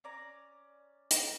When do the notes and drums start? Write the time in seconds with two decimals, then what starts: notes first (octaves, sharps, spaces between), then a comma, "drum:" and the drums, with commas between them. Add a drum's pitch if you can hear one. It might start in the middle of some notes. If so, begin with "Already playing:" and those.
0.04 C#4 D5 A#5
1.11 drum: hi-hat